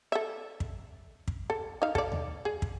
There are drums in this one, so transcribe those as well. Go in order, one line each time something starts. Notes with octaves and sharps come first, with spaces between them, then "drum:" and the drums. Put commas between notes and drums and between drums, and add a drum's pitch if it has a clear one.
A4 E5
drum: kick
drum: kick
A4
D#4 F5
A4 D5, drum: kick
drum: tom D#2
G#4
drum: kick